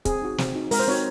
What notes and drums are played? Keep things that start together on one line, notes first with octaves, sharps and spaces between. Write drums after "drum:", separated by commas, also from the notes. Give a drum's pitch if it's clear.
C4 G#4, drum: kick, hi-hat
D#4 F#4
C4, drum: snare
D#4 F#4
G#3 A#4, drum: open hi-hat
C5
C4 D#4 F#4 C#5